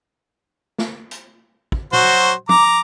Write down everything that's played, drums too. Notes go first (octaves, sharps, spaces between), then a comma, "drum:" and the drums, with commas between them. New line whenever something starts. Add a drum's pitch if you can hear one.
drum: snare
drum: hi-hat
drum: kick
F#3 F#4 C5, drum: tom A#2
A#5 D6, drum: tom F3